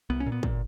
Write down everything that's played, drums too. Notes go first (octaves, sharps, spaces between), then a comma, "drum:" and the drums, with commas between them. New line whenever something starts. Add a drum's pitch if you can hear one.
C2 B3
C#4
A#2
B3
A#2, drum: kick